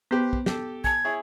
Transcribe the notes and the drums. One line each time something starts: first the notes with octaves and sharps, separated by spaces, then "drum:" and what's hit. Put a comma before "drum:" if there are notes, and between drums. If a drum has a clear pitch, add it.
B3 G4 B4 C5
drum: kick
G4 A4, drum: snare
G#5 A5 G#6, drum: kick
E4 G#4 C#5